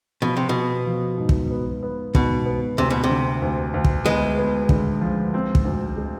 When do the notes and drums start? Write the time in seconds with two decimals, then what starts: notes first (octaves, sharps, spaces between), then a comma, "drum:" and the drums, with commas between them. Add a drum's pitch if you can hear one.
0.22 B2 F3
0.37 C3
0.49 B2 B3
0.86 F3
1.18 G#2
1.29 drum: kick
1.51 B3
1.83 B3
2.15 G#2 B2, drum: kick
2.46 B3
2.78 D2 C3
2.90 B2
3.04 C3
3.09 D3
3.42 D2
3.74 D2
3.84 drum: kick
4.06 G#3 B3
4.38 B3
4.69 D3, drum: kick
5.01 F3
5.34 C4
5.55 drum: kick
5.65 D2
5.97 G#3